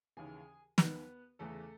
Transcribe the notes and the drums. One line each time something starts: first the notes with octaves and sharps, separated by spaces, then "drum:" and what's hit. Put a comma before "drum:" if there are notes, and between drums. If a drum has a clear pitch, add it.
D#2 C#3 E3 G#4 G#5
D#2 D#3 B3 B4, drum: snare
E2 C#3 E3 A3 A4